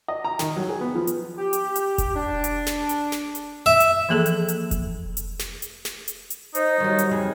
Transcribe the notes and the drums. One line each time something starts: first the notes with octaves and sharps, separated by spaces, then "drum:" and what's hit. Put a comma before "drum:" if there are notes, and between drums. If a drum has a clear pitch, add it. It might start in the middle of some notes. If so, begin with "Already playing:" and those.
D#5
A#5
D#3, drum: snare
F#3
G#4
B3
F3
drum: hi-hat
G4
drum: hi-hat
drum: hi-hat
drum: kick F1, hi-hat
D4
drum: hi-hat
drum: snare
drum: hi-hat
drum: snare
drum: hi-hat
E5
drum: hi-hat
E3 F3 A#3 G#4 A4 A5
drum: hi-hat
drum: hi-hat
drum: kick F1, hi-hat
drum: hi-hat
drum: snare
drum: hi-hat
drum: snare
drum: hi-hat
drum: hi-hat
D#4 C5 D#5, drum: hi-hat
D#3 F#3 G3
drum: hi-hat
F2 C#3 G#4